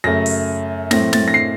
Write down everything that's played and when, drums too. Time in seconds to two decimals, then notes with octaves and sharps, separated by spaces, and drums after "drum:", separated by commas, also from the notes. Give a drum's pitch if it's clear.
0.04 F#2 C#3 A3 A#6
0.26 drum: open hi-hat
0.91 A2 A3 C4 A#6, drum: snare
1.13 A6, drum: snare
1.28 A#6
1.34 C7